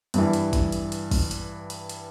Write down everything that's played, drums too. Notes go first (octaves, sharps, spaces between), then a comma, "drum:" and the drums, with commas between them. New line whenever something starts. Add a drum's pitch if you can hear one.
G2 E3, drum: hi-hat
drum: hi-hat
drum: kick A1, hi-hat
drum: hi-hat
drum: hi-hat
drum: kick A1, open hi-hat
drum: hi-hat
drum: hi-hat
drum: hi-hat